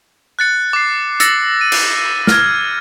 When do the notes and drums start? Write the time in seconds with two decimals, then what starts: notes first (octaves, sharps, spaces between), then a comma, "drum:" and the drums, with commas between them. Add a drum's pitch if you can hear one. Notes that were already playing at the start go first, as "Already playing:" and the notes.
0.39 F#6 A6 C#7
0.73 D6 C7
1.20 E6 A6 A#6 C#7, drum: hi-hat
1.61 D#7
1.72 drum: cymbal
2.27 F6 G#6, drum: snare